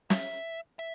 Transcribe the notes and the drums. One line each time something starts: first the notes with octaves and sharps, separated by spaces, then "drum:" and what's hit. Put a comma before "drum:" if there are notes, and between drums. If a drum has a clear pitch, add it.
E5, drum: snare
E5